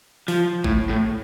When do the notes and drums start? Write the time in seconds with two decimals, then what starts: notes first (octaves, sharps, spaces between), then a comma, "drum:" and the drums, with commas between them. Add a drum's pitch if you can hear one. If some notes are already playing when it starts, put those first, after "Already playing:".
0.28 F3, drum: open hi-hat
0.64 A2, drum: kick G#1
0.89 A2